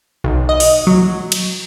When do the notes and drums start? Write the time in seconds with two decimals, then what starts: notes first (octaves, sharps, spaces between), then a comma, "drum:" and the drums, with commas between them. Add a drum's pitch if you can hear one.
0.24 B1
0.49 D#5
0.60 drum: open hi-hat
0.87 F#3
1.32 drum: cymbal